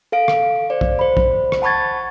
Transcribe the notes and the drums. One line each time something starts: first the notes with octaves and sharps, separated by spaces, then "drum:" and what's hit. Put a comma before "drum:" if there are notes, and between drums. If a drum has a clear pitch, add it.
A4 F5 D7
drum: rim click
C5 D5
drum: kick
C5 B5
drum: kick
drum: rim click
F#5 A5 B5 C#6 G#6 A6